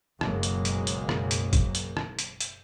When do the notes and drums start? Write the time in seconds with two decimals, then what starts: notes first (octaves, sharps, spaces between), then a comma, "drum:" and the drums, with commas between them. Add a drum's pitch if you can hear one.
0.21 F#1 B1 C#3 F#3 G#3 A#3, drum: rim click
0.43 drum: hi-hat
0.65 drum: hi-hat
0.87 drum: hi-hat
1.09 drum: rim click
1.31 drum: hi-hat
1.53 drum: kick, hi-hat
1.75 drum: hi-hat
1.97 drum: rim click
2.19 drum: hi-hat
2.41 drum: hi-hat